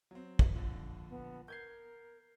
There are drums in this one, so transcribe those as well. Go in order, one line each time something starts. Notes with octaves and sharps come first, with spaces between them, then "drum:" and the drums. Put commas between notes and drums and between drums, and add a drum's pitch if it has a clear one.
F#3 C4
drum: kick
A#1 D3 F3
B3
A#4 G6 G#6 C7